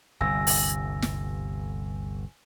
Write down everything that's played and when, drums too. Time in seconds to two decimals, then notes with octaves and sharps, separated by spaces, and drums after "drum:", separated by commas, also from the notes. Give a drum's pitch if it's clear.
0.21 G1 D2 C3 G3 G#5 E6 A#6
0.47 drum: open hi-hat
1.02 drum: snare